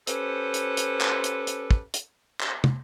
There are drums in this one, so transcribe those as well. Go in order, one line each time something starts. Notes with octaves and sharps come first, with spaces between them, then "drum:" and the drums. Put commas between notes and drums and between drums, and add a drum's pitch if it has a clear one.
C#4 G4 A4 B4 C5, drum: hi-hat
drum: hi-hat
drum: hi-hat
drum: clap
drum: hi-hat
drum: hi-hat
drum: kick
drum: hi-hat
drum: clap
drum: tom